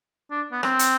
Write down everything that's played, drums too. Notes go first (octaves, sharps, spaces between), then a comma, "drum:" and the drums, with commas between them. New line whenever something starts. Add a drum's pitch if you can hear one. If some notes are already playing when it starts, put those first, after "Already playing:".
D4
B3
C4, drum: rim click
drum: hi-hat